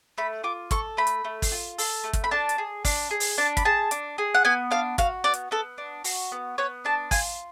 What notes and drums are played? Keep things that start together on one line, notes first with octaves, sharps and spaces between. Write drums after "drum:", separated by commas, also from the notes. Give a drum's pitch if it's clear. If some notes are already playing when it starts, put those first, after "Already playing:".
A3 B5
F4 D6
A4 C#6, drum: kick, hi-hat
A3 B5
drum: hi-hat
A3
drum: kick, open hi-hat
F4
A4, drum: open hi-hat
A3
drum: kick, hi-hat
B5
D4 A5
drum: hi-hat
G#4
D4, drum: kick, open hi-hat
G#4
drum: open hi-hat
D4 A5
B5, drum: kick, hi-hat
G#4 A5
D4, drum: hi-hat
G#4
F#5
B3 G#5
D4 F5
F#4 F5, drum: kick, hi-hat
B3 D5
drum: hi-hat
B3 A4
D4
F#4, drum: open hi-hat
B3
B3 C#5
D4 A5
F4 G#5, drum: kick, open hi-hat